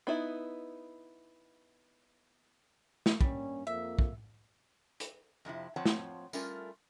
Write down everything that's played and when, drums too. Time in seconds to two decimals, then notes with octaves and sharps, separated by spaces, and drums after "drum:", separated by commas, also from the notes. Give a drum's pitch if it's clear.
0.07 B3 D#4 E4
3.06 drum: snare
3.21 G2 G3 A#3 C#4, drum: kick
3.67 F2 A#3 E5
3.99 drum: kick
5.00 drum: hi-hat
5.45 F2 C3 F3 E4
5.76 F2 F3 C4 C#5 F#5 A5
5.86 drum: snare
6.33 G3 A3 C#4 F4 A#4, drum: tambourine